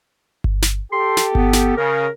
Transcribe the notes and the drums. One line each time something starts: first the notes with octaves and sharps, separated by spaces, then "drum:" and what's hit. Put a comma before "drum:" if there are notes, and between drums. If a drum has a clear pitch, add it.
drum: kick G1
drum: snare
G4 A4 C6
drum: snare
B3, drum: kick G1
drum: snare
C#3 A#4